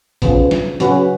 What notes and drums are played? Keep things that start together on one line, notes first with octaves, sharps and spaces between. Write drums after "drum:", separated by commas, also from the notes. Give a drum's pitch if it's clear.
C#3 F3 B3, drum: kick A1, hi-hat
drum: snare
C#3 F#3 C#4 F#4 B4, drum: hi-hat